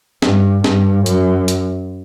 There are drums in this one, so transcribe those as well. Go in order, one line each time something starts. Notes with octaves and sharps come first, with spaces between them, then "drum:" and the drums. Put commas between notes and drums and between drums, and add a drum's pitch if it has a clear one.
G2, drum: snare
G2, drum: snare
F#2, drum: hi-hat
drum: hi-hat